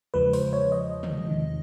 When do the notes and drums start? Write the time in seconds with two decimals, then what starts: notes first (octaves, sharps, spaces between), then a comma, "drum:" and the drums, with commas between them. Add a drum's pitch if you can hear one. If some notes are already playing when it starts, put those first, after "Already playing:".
0.14 E2 C#3 F3 G#3 B4
0.33 C5, drum: open hi-hat
0.53 C#5
0.72 D#5
1.03 drum: tom
1.29 E2 C3 D#3